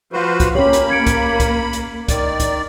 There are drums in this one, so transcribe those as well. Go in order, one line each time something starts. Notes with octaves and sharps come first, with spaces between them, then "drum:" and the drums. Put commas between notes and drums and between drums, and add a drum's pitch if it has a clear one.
F3 F#4 B4 C5 F5
drum: kick, hi-hat
A#3 C#4 G4 C#5 B5
drum: hi-hat
G#6 C#7 D7
drum: kick, hi-hat
drum: kick, hi-hat
drum: hi-hat
D#3 D5, drum: kick, hi-hat
drum: kick, hi-hat